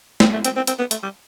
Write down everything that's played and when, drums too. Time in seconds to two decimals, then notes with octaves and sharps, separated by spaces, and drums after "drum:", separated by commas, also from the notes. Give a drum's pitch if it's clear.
0.20 C4, drum: snare
0.33 A3
0.44 C4, drum: hi-hat
0.56 C4
0.67 C4, drum: hi-hat
0.79 B3
0.91 A3, drum: hi-hat
1.03 G3